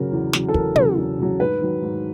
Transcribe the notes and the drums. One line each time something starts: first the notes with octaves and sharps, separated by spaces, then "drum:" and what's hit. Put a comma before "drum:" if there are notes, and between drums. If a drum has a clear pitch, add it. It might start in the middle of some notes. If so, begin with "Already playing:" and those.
Already playing: C#3 F#3 A#4
E2
C#3 F#3, drum: snare
A4
E2 A#4, drum: kick
C#3 F#3, drum: tom
E2
C#3 F#3
G#2 B4
D#3 F#3
G#2